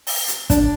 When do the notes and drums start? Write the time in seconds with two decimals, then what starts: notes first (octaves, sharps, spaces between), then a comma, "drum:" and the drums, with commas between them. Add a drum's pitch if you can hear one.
0.07 drum: open hi-hat
0.28 drum: hi-hat
0.50 D4, drum: kick, hi-hat